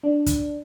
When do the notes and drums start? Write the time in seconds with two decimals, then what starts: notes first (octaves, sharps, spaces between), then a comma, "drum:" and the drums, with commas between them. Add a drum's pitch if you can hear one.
0.03 D4
0.26 drum: kick, hi-hat